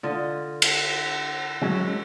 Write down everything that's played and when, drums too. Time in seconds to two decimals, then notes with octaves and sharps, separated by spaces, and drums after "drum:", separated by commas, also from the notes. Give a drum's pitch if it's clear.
0.03 D3 F4 D#5
0.62 drum: cymbal
1.62 F#3 G#3 C#4